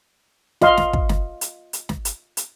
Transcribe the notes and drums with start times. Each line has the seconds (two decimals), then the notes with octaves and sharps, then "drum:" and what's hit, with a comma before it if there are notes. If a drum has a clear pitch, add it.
0.61 F4 D#5 F5 C6, drum: snare
0.77 drum: snare
0.93 drum: kick
1.09 drum: snare
1.41 drum: hi-hat
1.73 drum: hi-hat
1.89 drum: snare
2.05 drum: hi-hat
2.37 drum: hi-hat